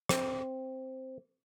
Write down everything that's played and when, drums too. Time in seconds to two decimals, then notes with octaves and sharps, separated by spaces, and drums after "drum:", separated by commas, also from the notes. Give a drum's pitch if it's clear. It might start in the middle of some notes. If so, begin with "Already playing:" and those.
0.09 C4, drum: rim click